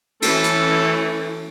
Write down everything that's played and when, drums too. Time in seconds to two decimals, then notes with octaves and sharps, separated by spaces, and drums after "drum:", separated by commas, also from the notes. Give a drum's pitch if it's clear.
0.22 E3 A3 C#4 A4, drum: cymbal
0.44 drum: hi-hat